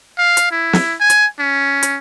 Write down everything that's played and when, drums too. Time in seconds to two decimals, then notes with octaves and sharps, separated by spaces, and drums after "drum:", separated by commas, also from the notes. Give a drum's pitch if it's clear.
0.19 F5
0.37 drum: hi-hat
0.51 E4
0.73 drum: snare
1.00 G#5
1.10 drum: hi-hat
1.40 C#4
1.83 drum: hi-hat